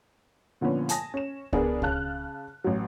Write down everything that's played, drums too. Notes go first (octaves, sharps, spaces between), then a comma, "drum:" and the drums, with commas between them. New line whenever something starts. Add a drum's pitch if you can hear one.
A#2 D3 F3 B3 C#4
G#5 A5 D#6 A#6, drum: hi-hat
C#4 E7
B3 D4 G#4 A#4, drum: kick C#2
C#3 F5 A5 F6 F#6, drum: kick C#2
A1 F#3